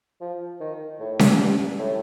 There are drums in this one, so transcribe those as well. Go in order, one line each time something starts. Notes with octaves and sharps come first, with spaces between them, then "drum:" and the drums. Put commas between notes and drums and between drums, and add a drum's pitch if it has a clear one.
F3
D#3
A2
drum: snare C#4
G2
A2